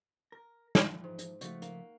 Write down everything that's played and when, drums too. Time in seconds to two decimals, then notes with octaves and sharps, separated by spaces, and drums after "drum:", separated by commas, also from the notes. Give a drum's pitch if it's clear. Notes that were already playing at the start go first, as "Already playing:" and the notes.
0.32 A#4
0.75 drum: snare
0.85 E3 F3
1.04 G#2
1.18 drum: hi-hat
1.41 C#3 F3 A3 F#4, drum: hi-hat
1.62 A#3, drum: hi-hat